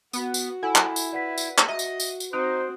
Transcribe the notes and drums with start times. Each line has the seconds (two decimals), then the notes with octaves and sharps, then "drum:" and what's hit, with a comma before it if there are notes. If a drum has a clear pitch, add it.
0.13 B3 F#4, drum: tambourine
0.34 drum: tambourine
0.63 E4 A4 F#5 G#5
0.75 drum: clap
0.96 drum: tambourine
1.13 B4 D5 F#5 B6
1.38 drum: tambourine
1.58 drum: clap
1.68 F#4 D#5 E5
1.79 drum: tambourine
2.00 drum: tambourine
2.20 drum: tambourine
2.33 C4 D#4 F#4 C5 D#6 F#6 D7